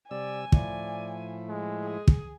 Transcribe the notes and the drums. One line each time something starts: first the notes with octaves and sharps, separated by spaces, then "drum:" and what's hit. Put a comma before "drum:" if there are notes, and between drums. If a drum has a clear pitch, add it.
C3 G3 D5 G#5 E6
A2 F3 E4 D5, drum: kick
G#3
G#4
drum: kick